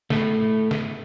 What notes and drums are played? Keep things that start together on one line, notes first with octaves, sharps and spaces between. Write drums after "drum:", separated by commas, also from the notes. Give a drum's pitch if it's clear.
A2 A3, drum: snare
drum: snare